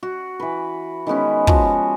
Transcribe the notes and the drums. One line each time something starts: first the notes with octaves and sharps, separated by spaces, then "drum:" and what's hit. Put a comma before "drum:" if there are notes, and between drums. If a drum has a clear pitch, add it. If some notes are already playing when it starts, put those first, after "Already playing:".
F#4
E3 B4
D#3 G#3 B3 C#4
F3 G#3 F#4 G4, drum: kick